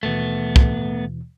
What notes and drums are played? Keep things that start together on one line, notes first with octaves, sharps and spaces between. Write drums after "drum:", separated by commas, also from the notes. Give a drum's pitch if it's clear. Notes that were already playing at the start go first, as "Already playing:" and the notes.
D#2 B2 E3 A3 B3
drum: kick